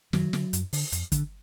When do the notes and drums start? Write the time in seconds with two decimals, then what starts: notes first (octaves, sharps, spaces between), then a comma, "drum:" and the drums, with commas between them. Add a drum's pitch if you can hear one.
0.13 F#2 D#3 F#3, drum: snare
0.33 D3, drum: snare
0.53 F#2, drum: hi-hat
0.73 D3, drum: open hi-hat
0.92 F2, drum: hi-hat
1.12 D3, drum: kick, hi-hat